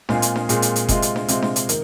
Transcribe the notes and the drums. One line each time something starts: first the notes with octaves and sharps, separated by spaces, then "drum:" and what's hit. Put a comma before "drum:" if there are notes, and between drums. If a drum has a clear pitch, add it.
A#2 G#3 C4 F4 G#4, drum: snare D4
drum: hi-hat
drum: snare D4
A#2 G#3 C4 F4 G#4, drum: hi-hat
drum: hi-hat
drum: hi-hat
C3 G#3 C4 F4, drum: kick F#1, hi-hat
drum: hi-hat
drum: snare D4
C3 G#3 C4 F4, drum: hi-hat
drum: snare D4
drum: hi-hat
D#3 A#3, drum: hi-hat